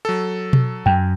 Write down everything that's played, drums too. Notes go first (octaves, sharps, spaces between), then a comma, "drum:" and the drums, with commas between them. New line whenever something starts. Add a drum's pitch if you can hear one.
F#3 A4
drum: tom B2
F#2 G5